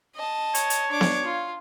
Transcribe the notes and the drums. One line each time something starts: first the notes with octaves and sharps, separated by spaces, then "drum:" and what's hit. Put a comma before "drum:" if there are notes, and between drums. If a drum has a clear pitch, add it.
D#5 A5
C#5, drum: hi-hat
drum: hi-hat
D4 D6
drum: snare B3
F4